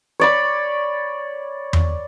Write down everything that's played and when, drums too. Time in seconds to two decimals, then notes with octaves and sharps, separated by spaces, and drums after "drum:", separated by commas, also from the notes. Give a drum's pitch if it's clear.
0.20 C#5 D5 B5
1.73 drum: tom E2